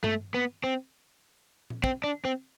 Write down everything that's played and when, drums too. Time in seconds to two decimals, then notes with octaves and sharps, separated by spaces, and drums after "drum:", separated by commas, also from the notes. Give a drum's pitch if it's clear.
0.04 A3, drum: tom G2
0.34 B3
0.64 C4
1.70 drum: tom A#2
1.84 C4, drum: kick
2.04 D4
2.25 C4